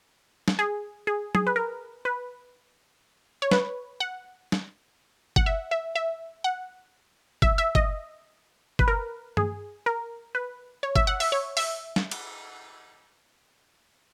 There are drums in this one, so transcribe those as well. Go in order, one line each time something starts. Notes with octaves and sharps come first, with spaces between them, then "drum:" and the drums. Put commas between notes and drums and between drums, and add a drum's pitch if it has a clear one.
drum: snare
G#4
G#4
G#4, drum: tom F#3
B4
A#4
B4
C#5
B4, drum: snare
F#5
drum: snare
F#5, drum: kick
E5
E5
E5
F#5
E5, drum: kick
E5
D#5, drum: kick
B4, drum: kick
A#4
G#4, drum: tom G2
A#4
B4
C#5
E5, drum: kick
F#5
E5, drum: open hi-hat
C#5
E5, drum: open hi-hat
drum: snare
drum: cymbal